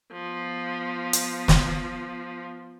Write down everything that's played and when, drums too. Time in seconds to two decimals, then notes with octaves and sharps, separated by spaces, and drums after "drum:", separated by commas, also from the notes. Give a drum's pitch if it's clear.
0.13 F3 B3
1.13 drum: hi-hat
1.48 drum: snare